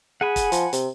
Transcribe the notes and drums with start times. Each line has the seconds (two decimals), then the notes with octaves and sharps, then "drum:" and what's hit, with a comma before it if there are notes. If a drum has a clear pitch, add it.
0.21 G#4 F#5 G#5 B5
0.36 drum: kick, hi-hat
0.52 F3, drum: hi-hat
0.73 C3, drum: hi-hat